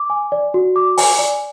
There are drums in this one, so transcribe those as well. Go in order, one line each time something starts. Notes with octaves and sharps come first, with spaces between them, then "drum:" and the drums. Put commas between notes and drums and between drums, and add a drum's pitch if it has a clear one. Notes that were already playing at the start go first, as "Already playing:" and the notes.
Already playing: D6
G#5
D5
F#4
D6
G#5, drum: open hi-hat
D5